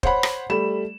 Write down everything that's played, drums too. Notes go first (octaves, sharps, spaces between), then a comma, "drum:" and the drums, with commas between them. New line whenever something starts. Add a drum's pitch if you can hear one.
C5 C#5 F#5 B5, drum: kick
drum: rim click
G3 A3 B5 E7